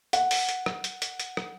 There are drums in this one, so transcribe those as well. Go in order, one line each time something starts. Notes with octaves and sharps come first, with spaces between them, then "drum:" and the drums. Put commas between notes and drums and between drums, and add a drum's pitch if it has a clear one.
F#5, drum: hi-hat
drum: open hi-hat
drum: hi-hat
drum: rim click
drum: hi-hat
drum: hi-hat
drum: hi-hat
drum: rim click